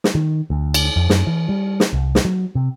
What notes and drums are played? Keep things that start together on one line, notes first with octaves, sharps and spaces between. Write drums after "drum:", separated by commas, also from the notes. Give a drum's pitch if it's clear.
drum: snare
D#3
D2
drum: cymbal
F2
F#2, drum: snare
E3
G3
drum: snare
C2
drum: snare
F#3
C3